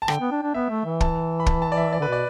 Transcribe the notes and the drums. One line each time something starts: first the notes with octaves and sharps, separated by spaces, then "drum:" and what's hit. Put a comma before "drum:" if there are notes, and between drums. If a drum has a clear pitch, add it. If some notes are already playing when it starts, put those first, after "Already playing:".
A5
D3 G5, drum: rim click
B3
D4
D4
B3 E5
A3
E3
A5, drum: kick
B5
A5, drum: kick
A5
D5
E5
D5
D3 B4
B2 D5